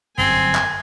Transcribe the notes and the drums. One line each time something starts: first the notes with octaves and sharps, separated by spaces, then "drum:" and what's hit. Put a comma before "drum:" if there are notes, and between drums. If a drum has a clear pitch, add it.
G1 F#2 F#3 C4 G#5
drum: clap